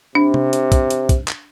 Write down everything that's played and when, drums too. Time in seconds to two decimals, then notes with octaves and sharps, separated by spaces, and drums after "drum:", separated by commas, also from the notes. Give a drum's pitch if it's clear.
0.15 C3 D4
0.34 drum: tom C3
0.53 drum: hi-hat
0.72 drum: kick, hi-hat
0.90 drum: hi-hat
1.09 drum: kick, hi-hat
1.28 drum: clap